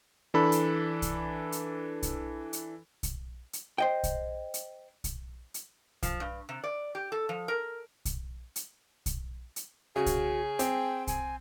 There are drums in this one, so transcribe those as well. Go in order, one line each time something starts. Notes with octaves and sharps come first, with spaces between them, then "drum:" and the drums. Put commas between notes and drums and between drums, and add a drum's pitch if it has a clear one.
E3 D4 A4 B5
drum: hi-hat
drum: kick, hi-hat
drum: hi-hat
drum: kick, hi-hat
drum: hi-hat
drum: kick, hi-hat
drum: hi-hat
C5 D#5 G5
drum: kick, hi-hat
drum: hi-hat
drum: kick, hi-hat
drum: hi-hat
F3, drum: kick, hi-hat
G2
C3
D5
G4
A4
F3
A#4
drum: kick, hi-hat
drum: hi-hat
drum: kick, hi-hat
drum: hi-hat
C#3 F#4 G#4
drum: kick, hi-hat
C4 G5, drum: hi-hat
G#5, drum: kick, hi-hat